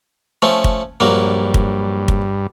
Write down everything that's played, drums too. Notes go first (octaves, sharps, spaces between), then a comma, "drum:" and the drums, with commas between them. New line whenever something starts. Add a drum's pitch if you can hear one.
F3 A3 C#4
drum: kick
A#1 G2 F#3 A#3
drum: kick
drum: kick